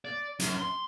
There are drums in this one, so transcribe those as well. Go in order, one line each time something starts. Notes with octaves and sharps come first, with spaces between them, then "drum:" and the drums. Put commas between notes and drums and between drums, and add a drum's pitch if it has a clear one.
D5
F#2, drum: hi-hat
C6